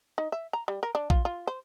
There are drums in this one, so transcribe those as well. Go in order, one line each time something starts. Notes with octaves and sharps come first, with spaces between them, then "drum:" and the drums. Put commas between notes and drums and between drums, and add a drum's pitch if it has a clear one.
D#4
E5
A#5
G3
A#4
D4
F4, drum: kick A#1
F4
C5